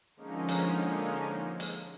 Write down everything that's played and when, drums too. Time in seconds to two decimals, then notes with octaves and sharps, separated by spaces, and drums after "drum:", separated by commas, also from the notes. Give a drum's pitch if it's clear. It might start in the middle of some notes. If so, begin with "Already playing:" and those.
0.16 D3 F3 G#3 A#3 C#4 D#4
0.49 drum: open hi-hat
1.60 drum: open hi-hat